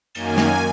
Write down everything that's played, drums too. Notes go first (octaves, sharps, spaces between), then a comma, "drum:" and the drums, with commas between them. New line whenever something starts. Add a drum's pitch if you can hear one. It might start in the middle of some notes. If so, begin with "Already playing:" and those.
F#2 D#3 A#3 G#5, drum: cymbal
drum: snare